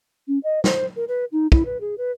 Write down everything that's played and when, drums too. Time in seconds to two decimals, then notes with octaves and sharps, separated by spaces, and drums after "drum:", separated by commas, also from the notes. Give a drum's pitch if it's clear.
0.28 C#4
0.44 D#5
0.64 C5, drum: snare
0.96 A#4
1.08 B4
1.32 D#4
1.52 E4, drum: kick
1.66 B4
1.81 G#4
1.98 B4